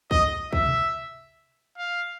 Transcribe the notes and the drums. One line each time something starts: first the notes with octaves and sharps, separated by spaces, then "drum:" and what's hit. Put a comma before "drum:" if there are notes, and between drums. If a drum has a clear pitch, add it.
D#5, drum: kick
E5, drum: kick
drum: tom B2
F5